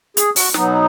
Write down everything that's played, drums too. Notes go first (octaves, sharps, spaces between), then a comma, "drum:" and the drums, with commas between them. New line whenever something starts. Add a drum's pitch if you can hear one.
G#4, drum: hi-hat
F#4, drum: open hi-hat
B2 F#3 B3 D#4, drum: snare